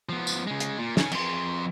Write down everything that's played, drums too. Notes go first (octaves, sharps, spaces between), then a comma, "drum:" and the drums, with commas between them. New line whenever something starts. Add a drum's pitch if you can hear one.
F3 B3
drum: tambourine
C#3 G#3
drum: hi-hat
A#2
C#3 C#4, drum: snare
F2 C6, drum: cymbal